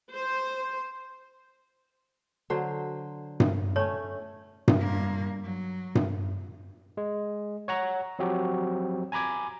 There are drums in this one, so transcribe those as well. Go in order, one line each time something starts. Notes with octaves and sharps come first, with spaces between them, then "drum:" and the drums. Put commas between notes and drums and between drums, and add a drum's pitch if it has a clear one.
C5
D3 F#3 C5
drum: tom G2
A3 C#4 C#5
drum: tom G2
G2 A#3
F#3
drum: tom G2
G#3
C#5 F#5 A#5
F3 F#3 C4 F#4 G4
G#5 A#5 B5 D6 G#6